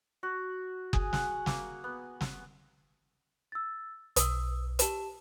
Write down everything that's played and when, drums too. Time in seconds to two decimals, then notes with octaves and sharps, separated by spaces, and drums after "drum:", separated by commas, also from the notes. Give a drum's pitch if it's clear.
0.23 F#4
0.93 G#4, drum: kick F#1
1.13 F#5, drum: snare
1.46 A#3, drum: snare
1.84 B3
2.21 drum: snare
3.52 E6 A6
4.16 B1 D#6 E6, drum: hi-hat
4.79 G4 A5 E7, drum: hi-hat